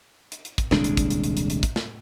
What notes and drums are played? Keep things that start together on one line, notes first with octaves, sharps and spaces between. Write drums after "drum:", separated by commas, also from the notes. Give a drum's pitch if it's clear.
drum: hi-hat
drum: hi-hat
drum: kick, hi-hat
D#1 C2 G#3 D4, drum: snare
drum: hi-hat
drum: kick, hi-hat
drum: hi-hat
drum: hi-hat
drum: hi-hat
drum: hi-hat
drum: kick, hi-hat
drum: snare